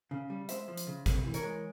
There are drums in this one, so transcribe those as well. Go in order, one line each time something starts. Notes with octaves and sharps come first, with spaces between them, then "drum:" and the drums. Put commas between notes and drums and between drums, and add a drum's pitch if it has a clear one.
C#3
G3
G#3 C5 E5, drum: hi-hat
F3
drum: hi-hat
C#3
C3, drum: kick, hi-hat
E3
A#4 C#5, drum: hi-hat
G#3